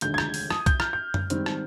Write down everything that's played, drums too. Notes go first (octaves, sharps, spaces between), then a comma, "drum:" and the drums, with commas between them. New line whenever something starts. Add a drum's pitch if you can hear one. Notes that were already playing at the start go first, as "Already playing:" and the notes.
F1 D#2 D3 G#3 G6, drum: hi-hat
G#6
G6, drum: rim click
drum: open hi-hat
D#6, drum: rim click
G6, drum: kick B1, hi-hat
F6, drum: rim click
G6
drum: tom F#2
G#2 D#3 G3 C4, drum: hi-hat
drum: rim click